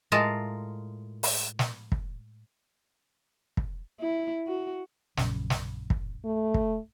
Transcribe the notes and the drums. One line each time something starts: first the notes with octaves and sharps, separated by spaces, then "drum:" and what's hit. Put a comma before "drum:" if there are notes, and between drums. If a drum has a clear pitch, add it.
A2 G#3 F4 A#4 F5 A5
drum: open hi-hat
drum: snare
drum: kick
drum: kick
E4
F#4
A#1 F#2 C#3, drum: snare
drum: snare
drum: kick
A3
drum: kick